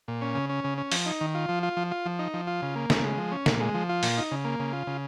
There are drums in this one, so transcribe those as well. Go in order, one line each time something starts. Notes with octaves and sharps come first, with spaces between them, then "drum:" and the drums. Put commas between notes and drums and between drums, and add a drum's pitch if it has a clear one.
A#2
C#4
C#3
C#4
C#3
C#4
F3, drum: open hi-hat
D#4
D#3
F4
F3
F4
F3
F4
F3
D#4
F3
F4
C#3
A#3
C#3, drum: snare
G#3
F3
C#4
A#2, drum: snare
G#3
F3
F4
A#2, drum: open hi-hat
D#4
C#3
A#3
C#3
F4
C#3